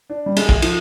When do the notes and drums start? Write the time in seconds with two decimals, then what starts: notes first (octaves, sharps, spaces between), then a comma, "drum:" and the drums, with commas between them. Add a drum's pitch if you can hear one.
0.10 D4
0.26 G3
0.36 G#3, drum: cymbal
0.49 drum: kick
0.62 F3, drum: cymbal